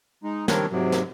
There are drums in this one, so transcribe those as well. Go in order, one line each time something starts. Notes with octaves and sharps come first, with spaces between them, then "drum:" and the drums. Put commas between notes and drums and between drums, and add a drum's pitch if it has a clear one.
G#3 D#4
D#3 G3 C4 D4 A#4 C#5, drum: snare
G#2 C3 F#3
drum: snare